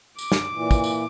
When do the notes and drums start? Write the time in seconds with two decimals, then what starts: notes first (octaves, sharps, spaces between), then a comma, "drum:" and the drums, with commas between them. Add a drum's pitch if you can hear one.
0.19 D6, drum: tambourine
0.32 drum: snare
0.52 A#2 E3
0.71 drum: kick, tambourine
0.84 drum: tambourine